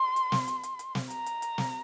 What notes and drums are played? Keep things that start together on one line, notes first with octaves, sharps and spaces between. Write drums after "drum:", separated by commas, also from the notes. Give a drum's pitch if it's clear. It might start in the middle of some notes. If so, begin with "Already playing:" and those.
Already playing: C6
drum: hi-hat
drum: snare
drum: hi-hat
drum: hi-hat
drum: hi-hat
drum: snare
A#5, drum: hi-hat
drum: hi-hat
drum: hi-hat
drum: snare